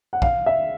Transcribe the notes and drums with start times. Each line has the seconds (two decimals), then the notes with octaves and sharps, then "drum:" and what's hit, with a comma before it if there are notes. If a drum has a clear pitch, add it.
0.13 F#5
0.22 F5, drum: kick
0.46 E5